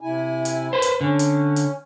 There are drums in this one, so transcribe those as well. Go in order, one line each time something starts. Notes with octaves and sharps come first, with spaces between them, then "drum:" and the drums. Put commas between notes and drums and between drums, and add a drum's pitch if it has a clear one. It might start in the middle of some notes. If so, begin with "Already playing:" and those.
C3 E4 G#5
drum: hi-hat
B4 C5
drum: hi-hat
D3 C#4
drum: hi-hat
drum: hi-hat